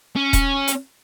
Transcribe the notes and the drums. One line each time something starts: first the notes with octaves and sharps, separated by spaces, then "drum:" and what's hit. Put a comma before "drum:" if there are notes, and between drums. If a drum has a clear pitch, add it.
C#4
drum: kick D#1, hi-hat
drum: hi-hat